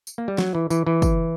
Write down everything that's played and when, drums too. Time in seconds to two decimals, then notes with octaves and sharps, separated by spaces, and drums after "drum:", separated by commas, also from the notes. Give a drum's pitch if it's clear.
0.07 drum: tambourine
0.18 A#3
0.28 G3
0.38 F#3, drum: snare
0.55 E3
0.70 E3, drum: tambourine
0.86 E3
1.02 drum: kick, tambourine